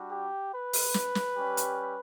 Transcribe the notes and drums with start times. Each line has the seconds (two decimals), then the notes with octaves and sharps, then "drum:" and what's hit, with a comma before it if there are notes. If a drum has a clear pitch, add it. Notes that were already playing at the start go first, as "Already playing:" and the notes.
Already playing: G3 D4 F#4
0.10 G4
0.52 B4
0.73 drum: open hi-hat
0.94 drum: snare
1.15 drum: snare
1.36 G3 C#4 G4
1.57 drum: hi-hat